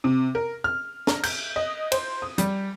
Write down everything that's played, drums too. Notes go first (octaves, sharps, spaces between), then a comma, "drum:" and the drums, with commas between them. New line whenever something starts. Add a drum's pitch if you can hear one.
C3
A#4
F6
A#5, drum: snare
G6, drum: cymbal
D#5
C5, drum: cymbal
D#6
G3, drum: hi-hat